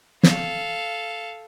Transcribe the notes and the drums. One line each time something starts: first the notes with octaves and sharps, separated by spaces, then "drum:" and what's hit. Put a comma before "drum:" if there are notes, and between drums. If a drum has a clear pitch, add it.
A4 F5, drum: snare